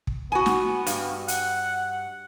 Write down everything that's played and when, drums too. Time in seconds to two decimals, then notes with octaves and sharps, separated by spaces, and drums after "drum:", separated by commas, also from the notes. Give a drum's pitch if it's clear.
0.07 drum: kick
0.32 B3 F#4 G#5
0.46 drum: snare
0.86 G2, drum: hi-hat
1.28 F#5, drum: hi-hat